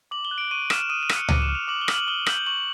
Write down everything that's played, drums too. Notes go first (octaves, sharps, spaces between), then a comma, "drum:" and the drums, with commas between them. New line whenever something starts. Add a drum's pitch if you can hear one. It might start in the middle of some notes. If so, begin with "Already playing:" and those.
D6 F#7
G7
F#6
D7
C#6 D#7
F6 E7, drum: rim click
D#6 D#7
D#7
F#6, drum: rim click
C#7
D6 D#7, drum: tom C#2
E7
F6
F7
D6 F#7
G7
F6, drum: rim click
F#7
D#6 G7
G6 F#7, drum: rim click
C#6 F#7